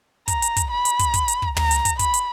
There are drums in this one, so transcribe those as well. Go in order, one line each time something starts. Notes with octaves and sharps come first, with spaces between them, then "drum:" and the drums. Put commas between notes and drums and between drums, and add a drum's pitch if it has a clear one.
A#5, drum: kick, hi-hat
drum: hi-hat
drum: kick, hi-hat
B5
drum: hi-hat
drum: kick, hi-hat
drum: kick, hi-hat
drum: hi-hat
drum: kick
A#5, drum: tom
drum: hi-hat
drum: kick, hi-hat
B5, drum: kick, hi-hat
drum: hi-hat